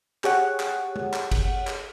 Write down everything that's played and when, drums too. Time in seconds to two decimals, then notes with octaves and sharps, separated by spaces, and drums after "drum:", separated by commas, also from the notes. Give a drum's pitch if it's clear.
0.24 G4 G#4 C#5 F#5, drum: clap
0.60 drum: clap
0.96 drum: tom
1.14 drum: clap
1.31 drum: kick G1, cymbal
1.67 drum: clap